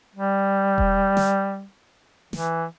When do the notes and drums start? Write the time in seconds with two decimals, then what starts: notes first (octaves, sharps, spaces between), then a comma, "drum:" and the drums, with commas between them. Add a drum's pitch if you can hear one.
0.15 G3
0.78 drum: kick E1
1.17 drum: snare
2.33 E3, drum: snare